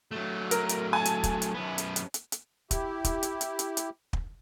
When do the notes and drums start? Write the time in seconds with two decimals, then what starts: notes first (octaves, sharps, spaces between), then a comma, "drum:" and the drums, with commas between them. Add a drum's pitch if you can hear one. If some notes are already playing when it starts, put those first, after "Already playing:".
0.11 F#3 A3
0.51 A#4, drum: hi-hat
0.69 drum: hi-hat
0.93 G#5 A5
1.05 drum: hi-hat
1.24 drum: kick, hi-hat
1.42 drum: hi-hat
1.54 F#2 B3
1.78 drum: hi-hat
1.96 drum: hi-hat
2.14 drum: hi-hat
2.32 drum: hi-hat
2.71 E4 G4, drum: kick, hi-hat
3.04 drum: kick, hi-hat
3.23 drum: hi-hat
3.41 drum: hi-hat
3.59 drum: hi-hat
3.77 drum: hi-hat
4.13 drum: kick